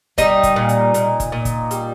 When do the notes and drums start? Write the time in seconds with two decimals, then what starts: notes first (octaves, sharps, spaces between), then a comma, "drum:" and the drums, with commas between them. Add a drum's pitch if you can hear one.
0.18 G3 D#4, drum: kick F#1, hi-hat
0.43 drum: kick F#1, hi-hat
0.56 A#2
0.69 drum: hi-hat
0.94 A#2, drum: hi-hat
1.20 drum: kick F#1, hi-hat
1.32 A#2
1.45 drum: kick F#1, hi-hat
1.71 G3, drum: hi-hat